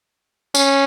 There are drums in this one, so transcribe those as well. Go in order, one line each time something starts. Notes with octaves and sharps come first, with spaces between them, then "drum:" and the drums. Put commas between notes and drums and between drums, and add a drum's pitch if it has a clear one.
C#4, drum: tambourine